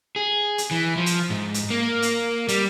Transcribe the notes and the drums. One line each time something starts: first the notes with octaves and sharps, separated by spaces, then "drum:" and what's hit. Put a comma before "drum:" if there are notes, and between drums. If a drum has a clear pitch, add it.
G#4
drum: hi-hat
E3
F3
drum: hi-hat
G#2
drum: hi-hat
A#3
drum: hi-hat
G3, drum: hi-hat